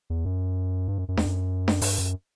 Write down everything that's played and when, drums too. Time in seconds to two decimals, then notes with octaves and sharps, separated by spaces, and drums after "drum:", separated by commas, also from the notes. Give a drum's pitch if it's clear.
0.10 E2
0.25 F#2
0.88 G2
0.98 F#2
1.08 F#2
1.17 E2, drum: snare D4
1.26 F#2
1.68 drum: snare D4
1.81 G2, drum: open hi-hat
1.98 F#2